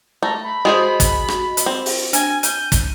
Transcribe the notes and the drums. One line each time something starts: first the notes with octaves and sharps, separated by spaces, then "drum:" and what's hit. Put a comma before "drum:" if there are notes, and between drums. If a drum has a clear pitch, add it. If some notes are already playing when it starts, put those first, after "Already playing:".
A3 A#5
B5
G#3 F#4 G#4 C5 D#5
drum: kick, hi-hat
drum: rim click
drum: hi-hat
C4
drum: open hi-hat
D4 G#5, drum: hi-hat
G6 D#7, drum: hi-hat
drum: kick, hi-hat